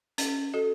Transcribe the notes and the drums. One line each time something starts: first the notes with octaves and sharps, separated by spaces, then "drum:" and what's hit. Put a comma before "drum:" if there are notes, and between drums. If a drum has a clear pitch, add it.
C#4, drum: hi-hat
F#4 A4 D#5